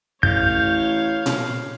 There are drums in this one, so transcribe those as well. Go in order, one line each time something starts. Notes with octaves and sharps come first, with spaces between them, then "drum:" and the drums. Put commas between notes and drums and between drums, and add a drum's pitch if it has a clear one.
A1 C#5 F5 G6, drum: kick
drum: tom A#2